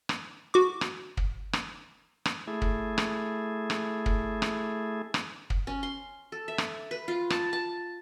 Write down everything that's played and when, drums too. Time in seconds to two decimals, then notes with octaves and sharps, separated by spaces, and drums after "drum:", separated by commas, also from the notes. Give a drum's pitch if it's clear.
0.09 drum: rim click
0.54 F#4 D6
0.81 drum: rim click
1.17 drum: kick
1.53 drum: rim click
2.26 drum: rim click
2.47 A3 E4 G#4
2.62 drum: kick
2.98 drum: rim click
3.70 drum: rim click
4.06 drum: kick
4.42 drum: rim click
5.14 drum: rim click
5.50 drum: kick
5.67 C#4
5.83 C6
6.32 A4
6.48 E5
6.58 drum: rim click
6.91 B4
7.08 F4
7.30 A5, drum: rim click
7.53 A5